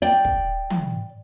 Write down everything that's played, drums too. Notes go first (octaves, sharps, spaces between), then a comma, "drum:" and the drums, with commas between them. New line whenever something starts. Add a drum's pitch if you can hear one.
D5 G5
drum: kick
drum: tom